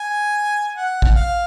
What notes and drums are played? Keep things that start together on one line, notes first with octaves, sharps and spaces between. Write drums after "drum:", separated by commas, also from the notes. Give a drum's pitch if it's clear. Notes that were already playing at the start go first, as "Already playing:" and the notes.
Already playing: G#5
F#5
drum: kick A1
F5